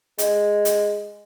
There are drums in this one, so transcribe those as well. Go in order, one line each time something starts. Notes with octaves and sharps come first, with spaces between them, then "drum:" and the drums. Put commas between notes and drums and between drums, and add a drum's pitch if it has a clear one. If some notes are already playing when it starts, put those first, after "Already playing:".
G#3, drum: hi-hat
drum: hi-hat